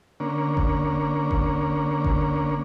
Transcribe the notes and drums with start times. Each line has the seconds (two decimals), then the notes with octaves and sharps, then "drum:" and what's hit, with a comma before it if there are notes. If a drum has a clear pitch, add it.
0.20 D3 A#3 C#4
0.57 drum: kick G1
1.31 drum: kick G1
2.04 drum: kick G1